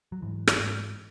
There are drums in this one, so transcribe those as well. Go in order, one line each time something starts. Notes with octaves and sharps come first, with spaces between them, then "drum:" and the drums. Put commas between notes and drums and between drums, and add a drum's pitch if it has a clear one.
F#3
G#2 E3
drum: rim click
G#2